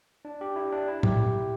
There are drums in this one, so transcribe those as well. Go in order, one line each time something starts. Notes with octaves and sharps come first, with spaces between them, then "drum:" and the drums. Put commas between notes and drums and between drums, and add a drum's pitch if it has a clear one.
D4
G4
E4
D4
E4
G4, drum: tom A2